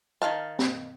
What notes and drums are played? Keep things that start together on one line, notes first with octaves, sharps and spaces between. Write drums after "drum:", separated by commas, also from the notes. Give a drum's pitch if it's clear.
D#3 F#4 F5 A5
drum: snare